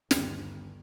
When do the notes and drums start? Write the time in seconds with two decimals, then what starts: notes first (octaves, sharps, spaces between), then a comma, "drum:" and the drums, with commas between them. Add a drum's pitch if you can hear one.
0.11 G1 D#2 D3 D#3, drum: snare